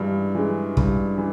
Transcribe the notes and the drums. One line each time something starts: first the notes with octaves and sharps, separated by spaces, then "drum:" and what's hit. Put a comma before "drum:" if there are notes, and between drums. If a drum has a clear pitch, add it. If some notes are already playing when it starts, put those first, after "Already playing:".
Already playing: G2 E3 G#3
E3 G#3
G2, drum: kick
E3